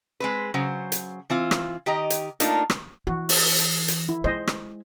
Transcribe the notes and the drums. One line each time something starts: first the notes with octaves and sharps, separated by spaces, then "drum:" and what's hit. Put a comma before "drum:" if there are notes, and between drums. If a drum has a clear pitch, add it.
G#3 C4 B4
C#3 F#3 C5
drum: hi-hat
E3 C4 F4
drum: rim click
D#3 G4 D#5 A#5
drum: hi-hat
A3 A#3 D4 D#4 F4 A#4, drum: hi-hat
drum: rim click
E3 F#4
drum: open hi-hat
drum: hi-hat
drum: hi-hat
E4
G#3 E4 C5 D#5
drum: rim click